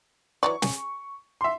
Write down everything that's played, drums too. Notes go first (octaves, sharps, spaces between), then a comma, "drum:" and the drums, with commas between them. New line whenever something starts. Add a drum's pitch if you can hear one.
E3 F#3 D5 C#6
G#4, drum: snare
E5 C6